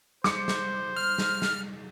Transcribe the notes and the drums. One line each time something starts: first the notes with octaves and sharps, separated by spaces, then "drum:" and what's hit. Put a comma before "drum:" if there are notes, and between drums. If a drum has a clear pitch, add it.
C5 D6 C#7, drum: snare
drum: snare
F6
drum: snare
drum: snare